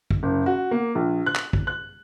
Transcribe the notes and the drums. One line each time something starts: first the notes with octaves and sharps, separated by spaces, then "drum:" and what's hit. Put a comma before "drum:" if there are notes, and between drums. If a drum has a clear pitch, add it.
drum: kick
F#1
F#4
A#3
A#1
F#6
drum: clap
drum: kick
F#6